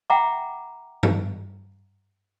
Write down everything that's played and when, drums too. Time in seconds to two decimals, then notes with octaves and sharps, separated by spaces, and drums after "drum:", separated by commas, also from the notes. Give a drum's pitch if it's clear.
0.10 E5 F#5 G5 A#5 B5 D6
1.03 drum: tom G2